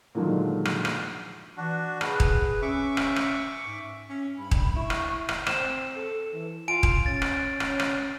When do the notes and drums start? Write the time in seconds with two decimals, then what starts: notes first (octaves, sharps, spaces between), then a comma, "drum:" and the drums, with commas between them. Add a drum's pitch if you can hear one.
0.15 A#2 D3 D#3 F3 F#3 G#3
0.65 drum: rim click
0.85 drum: rim click
1.57 E3 D4 F#4
2.01 G#4 B4, drum: rim click
2.20 drum: kick D#1
2.62 C#4 E5 C#6 D6
2.97 drum: rim click
3.16 drum: rim click
3.64 G#2
4.10 C#4
4.39 G2 B5
4.51 drum: kick D#1
4.76 E4 C#6
4.90 drum: rim click
5.29 drum: rim click
5.47 C4 E7, drum: rim click
5.96 A4
6.33 E3
6.68 F4 G#5 D7
6.83 drum: kick D#1
7.06 C#4 A6
7.22 drum: rim click
7.60 C#4, drum: rim click
7.79 drum: rim click